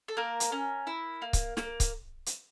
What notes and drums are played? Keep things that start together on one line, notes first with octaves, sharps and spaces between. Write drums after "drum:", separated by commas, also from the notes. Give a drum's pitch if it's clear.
A4
A#3 A#4
drum: hi-hat
C#4
E4
A#3
drum: kick C#1, hi-hat
A#3, drum: snare
drum: kick C#1, hi-hat
drum: hi-hat